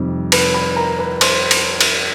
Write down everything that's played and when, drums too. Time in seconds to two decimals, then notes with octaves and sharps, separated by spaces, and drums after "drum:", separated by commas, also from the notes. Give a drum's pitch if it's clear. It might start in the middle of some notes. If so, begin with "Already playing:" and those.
Already playing: F2 C3 D#3 G3
0.32 B4 B5, drum: cymbal
0.54 B4 B5
0.76 A#4 A#5
0.98 B4 B5
1.21 C5 C6, drum: cymbal
1.51 drum: cymbal
1.81 drum: cymbal